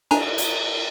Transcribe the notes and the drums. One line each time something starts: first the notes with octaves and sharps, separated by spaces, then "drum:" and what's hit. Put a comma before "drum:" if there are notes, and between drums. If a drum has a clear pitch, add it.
D4 G#5 A#5, drum: cymbal
drum: hi-hat